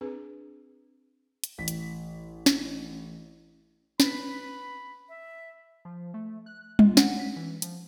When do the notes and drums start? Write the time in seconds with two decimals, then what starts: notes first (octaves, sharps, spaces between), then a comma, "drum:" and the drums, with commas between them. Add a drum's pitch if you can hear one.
0.01 C4 D4 G#4 B4
1.44 drum: hi-hat
1.58 A1 B6
1.68 drum: hi-hat
2.46 drum: snare
4.00 B4 B5, drum: snare
5.09 E5
5.85 F3
6.14 A3
6.46 F#6
6.79 F4, drum: tom G3
6.97 F#5, drum: snare
7.19 B6
7.36 E3
7.62 F3, drum: hi-hat